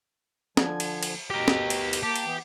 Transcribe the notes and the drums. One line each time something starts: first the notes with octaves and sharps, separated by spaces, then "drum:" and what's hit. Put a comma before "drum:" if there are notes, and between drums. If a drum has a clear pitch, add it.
D3 F3 G#5, drum: snare
drum: cymbal
drum: cymbal
B2 G4 A#4
drum: snare
drum: cymbal
drum: cymbal
A#3 G4 A5
drum: cymbal
E3 B3